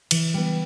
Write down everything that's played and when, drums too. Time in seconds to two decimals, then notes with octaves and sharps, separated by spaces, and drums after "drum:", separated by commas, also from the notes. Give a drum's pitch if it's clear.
0.11 E3, drum: cymbal
0.34 G3 B3